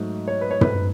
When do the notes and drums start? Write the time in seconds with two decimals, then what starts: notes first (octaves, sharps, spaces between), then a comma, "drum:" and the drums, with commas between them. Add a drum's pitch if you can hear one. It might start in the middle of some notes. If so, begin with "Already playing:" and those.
Already playing: G#2 F#3 A3
0.28 C#5
0.41 B4
0.51 C#5
0.61 B4, drum: tom